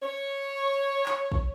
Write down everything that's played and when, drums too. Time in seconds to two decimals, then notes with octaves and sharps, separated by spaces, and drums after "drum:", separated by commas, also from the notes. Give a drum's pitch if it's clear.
0.03 C#5
1.06 drum: clap
1.32 drum: kick